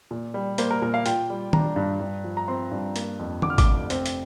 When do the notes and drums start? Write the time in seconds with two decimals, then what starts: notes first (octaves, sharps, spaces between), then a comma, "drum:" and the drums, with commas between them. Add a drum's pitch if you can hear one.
0.11 A#2
0.34 G3
0.58 A#3 C5, drum: hi-hat
0.71 A#4
0.82 A#2 A#4
0.94 F5
1.06 F4 G5, drum: hi-hat
1.30 G3
1.53 D4 A#5, drum: tom
1.76 G2
2.00 G2
2.24 F3
2.37 A#5
2.48 C4 C6
2.72 G2
2.96 A#3, drum: hi-hat
3.19 F2
3.42 D3 D6, drum: tom
3.50 F6
3.58 D6, drum: kick G#1, hi-hat
3.65 F1
3.90 C4, drum: hi-hat
4.06 drum: hi-hat